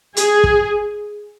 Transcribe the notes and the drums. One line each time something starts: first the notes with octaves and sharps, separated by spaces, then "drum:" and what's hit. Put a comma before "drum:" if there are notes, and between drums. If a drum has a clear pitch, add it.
G#4, drum: hi-hat
drum: kick